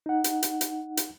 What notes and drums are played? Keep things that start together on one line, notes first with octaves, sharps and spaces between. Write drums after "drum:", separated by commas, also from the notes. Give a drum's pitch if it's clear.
D#4 F#5
drum: hi-hat
drum: hi-hat
drum: hi-hat
drum: hi-hat